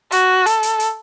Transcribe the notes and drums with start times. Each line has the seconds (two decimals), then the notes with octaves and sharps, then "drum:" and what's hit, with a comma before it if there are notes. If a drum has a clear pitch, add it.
0.12 F#4, drum: hi-hat
0.46 A4, drum: hi-hat
0.63 drum: hi-hat
0.80 drum: hi-hat